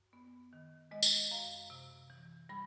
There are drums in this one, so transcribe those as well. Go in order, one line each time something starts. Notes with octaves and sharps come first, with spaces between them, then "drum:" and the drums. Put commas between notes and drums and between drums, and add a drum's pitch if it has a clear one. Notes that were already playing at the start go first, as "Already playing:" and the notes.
Already playing: F#2
B3
D#3
G#3 D#5
drum: tambourine
F#2 F5
C3
E3
G3 B5